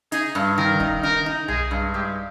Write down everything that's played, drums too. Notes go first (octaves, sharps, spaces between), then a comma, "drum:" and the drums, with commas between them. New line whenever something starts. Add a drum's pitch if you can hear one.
D#4 G#4, drum: hi-hat
G2
D#3 A#4
D#4, drum: kick
D#4 A#4
D#4
G#3 G#4, drum: tom B1
G2
G#3 G4